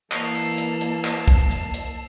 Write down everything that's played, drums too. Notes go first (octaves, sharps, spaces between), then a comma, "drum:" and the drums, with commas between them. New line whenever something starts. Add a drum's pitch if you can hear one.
E3 A#3 A5 E6 C7 F7, drum: clap
drum: open hi-hat
drum: hi-hat
drum: hi-hat
drum: clap
drum: kick, hi-hat
drum: hi-hat
drum: hi-hat